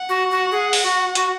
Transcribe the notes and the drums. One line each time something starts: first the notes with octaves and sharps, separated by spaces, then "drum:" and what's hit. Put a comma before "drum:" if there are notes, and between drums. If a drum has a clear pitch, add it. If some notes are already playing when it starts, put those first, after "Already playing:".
Already playing: F#5
F#4
F#4
G#4
drum: open hi-hat
F#4
F#4, drum: hi-hat